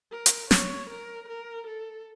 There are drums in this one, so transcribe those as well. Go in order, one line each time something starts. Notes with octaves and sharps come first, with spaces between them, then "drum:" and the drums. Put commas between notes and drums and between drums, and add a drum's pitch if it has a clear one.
A#4
drum: hi-hat
C#5, drum: snare
A#4
A#4
A4